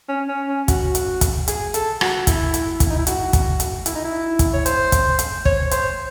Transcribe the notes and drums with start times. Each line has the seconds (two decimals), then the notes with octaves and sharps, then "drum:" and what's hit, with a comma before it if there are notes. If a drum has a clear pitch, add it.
0.09 C#4
0.29 C#4
0.49 C#4
0.68 F#4, drum: kick, hi-hat
0.95 drum: hi-hat
1.21 drum: kick, hi-hat
1.48 G#4, drum: hi-hat
1.74 A4, drum: hi-hat
2.01 F#4, drum: rim click
2.27 E4, drum: kick, hi-hat
2.54 drum: hi-hat
2.80 drum: kick, hi-hat
2.90 D#4
2.98 E4
3.07 F#4, drum: hi-hat
3.33 drum: kick, hi-hat
3.60 drum: hi-hat
3.86 E4, drum: hi-hat
3.95 D#4
4.04 E4
4.39 drum: kick, hi-hat
4.53 C#5
4.66 C5, drum: hi-hat
4.92 drum: kick, hi-hat
5.19 drum: hi-hat
5.45 C#5, drum: kick
5.71 C5, drum: hi-hat